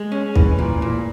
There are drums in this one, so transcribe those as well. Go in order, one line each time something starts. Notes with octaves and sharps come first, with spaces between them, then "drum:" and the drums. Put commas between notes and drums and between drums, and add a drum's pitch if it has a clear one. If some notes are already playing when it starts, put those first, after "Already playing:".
Already playing: G#3
C#4
E3, drum: kick
A#2
A#2